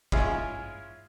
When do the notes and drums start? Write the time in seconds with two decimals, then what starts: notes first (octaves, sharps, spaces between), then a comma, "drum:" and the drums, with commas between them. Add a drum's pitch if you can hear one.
0.12 G#3 C#4 E4 F4 G#4, drum: kick